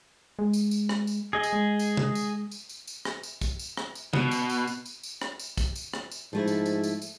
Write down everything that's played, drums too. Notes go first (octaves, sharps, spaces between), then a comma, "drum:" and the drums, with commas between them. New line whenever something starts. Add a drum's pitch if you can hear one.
G#3
drum: tambourine
drum: tambourine
drum: rim click
drum: tambourine
G#4 D#5
drum: tambourine
G#3
drum: tambourine
drum: tom C3
drum: tambourine
drum: tambourine
drum: tambourine
drum: tambourine
drum: rim click
drum: tambourine
drum: kick, tambourine
drum: tambourine
drum: rim click
drum: tambourine
B2, drum: tom C3
drum: tambourine
drum: tambourine
drum: tambourine
drum: tambourine
drum: tambourine
drum: rim click
drum: tambourine
drum: kick, tambourine
drum: tambourine
drum: rim click
drum: tambourine
G#2 F3 A3 E4
drum: tambourine
drum: tambourine
drum: tambourine
drum: tambourine